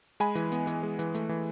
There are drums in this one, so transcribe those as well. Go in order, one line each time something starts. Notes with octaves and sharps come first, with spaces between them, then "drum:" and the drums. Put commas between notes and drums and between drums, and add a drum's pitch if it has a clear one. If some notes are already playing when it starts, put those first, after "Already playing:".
G#3 G#5 B5, drum: hi-hat
E3, drum: hi-hat
B3, drum: hi-hat
E3, drum: hi-hat
G#3
E3, drum: hi-hat
A3, drum: hi-hat
E3